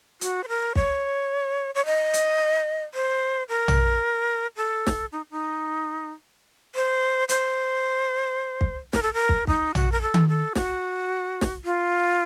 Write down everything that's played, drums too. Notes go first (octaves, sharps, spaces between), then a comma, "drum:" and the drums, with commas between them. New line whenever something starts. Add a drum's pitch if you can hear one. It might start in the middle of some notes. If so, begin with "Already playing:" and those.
F#4, drum: hi-hat
C5
A#4
C#5, drum: kick
C#5
D#5
drum: hi-hat
C5
A#4
drum: tom
A4
drum: snare
D#4
D#4
C5
C5, drum: hi-hat
drum: kick
A#4, drum: snare
A4
A#4
drum: kick
D#4, drum: kick
F#4, drum: tom
A#4
A4
drum: tom D#3
A4
F#4, drum: snare
drum: snare
F4